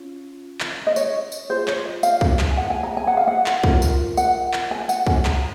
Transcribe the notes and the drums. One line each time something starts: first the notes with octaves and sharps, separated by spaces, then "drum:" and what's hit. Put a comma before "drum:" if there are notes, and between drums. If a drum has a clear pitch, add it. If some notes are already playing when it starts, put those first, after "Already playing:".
Already playing: C#4 F4
drum: clap
D#5
C#5, drum: tambourine
drum: tambourine
F4 G#4 C5
C#5, drum: clap
D#5
F5, drum: tambourine
drum: kick
drum: clap
G#5
F#5
G#5
A#5
G#5
F#5
F5
F#5
drum: clap
F4 A#4, drum: kick
drum: tambourine
F#5, drum: tambourine
drum: clap
G#5
F#5, drum: tambourine
G#5, drum: kick
A#5, drum: clap